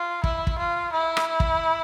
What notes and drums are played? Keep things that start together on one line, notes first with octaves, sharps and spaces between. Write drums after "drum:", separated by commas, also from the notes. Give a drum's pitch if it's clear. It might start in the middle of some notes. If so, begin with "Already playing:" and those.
Already playing: F4
E4, drum: kick
drum: kick
F4
E4
drum: rim click
drum: kick